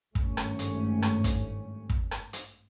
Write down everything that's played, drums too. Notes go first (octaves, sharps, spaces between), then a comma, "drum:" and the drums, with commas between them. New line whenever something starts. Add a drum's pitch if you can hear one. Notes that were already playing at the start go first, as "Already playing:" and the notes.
G#1 G2 A3 C#4, drum: kick
drum: rim click
drum: hi-hat
drum: rim click
drum: kick, hi-hat
drum: kick
drum: rim click
drum: hi-hat